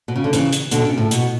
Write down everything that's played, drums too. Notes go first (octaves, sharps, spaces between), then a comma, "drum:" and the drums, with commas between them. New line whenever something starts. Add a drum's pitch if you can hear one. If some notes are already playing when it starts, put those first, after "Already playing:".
B2
C#3
D3
C#3 E3, drum: hi-hat
drum: hi-hat
B2 D3, drum: hi-hat
C#3
A2
B2, drum: hi-hat